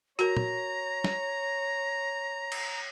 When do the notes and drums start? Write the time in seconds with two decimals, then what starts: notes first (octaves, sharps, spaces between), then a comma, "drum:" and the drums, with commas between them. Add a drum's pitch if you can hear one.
0.19 F#4 A#4 C#5 A#5 A#6, drum: hi-hat
0.37 drum: tom
1.04 drum: snare
2.52 drum: cymbal